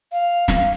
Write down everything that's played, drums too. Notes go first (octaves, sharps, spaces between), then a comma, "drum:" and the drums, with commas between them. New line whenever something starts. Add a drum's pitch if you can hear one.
F5
drum: snare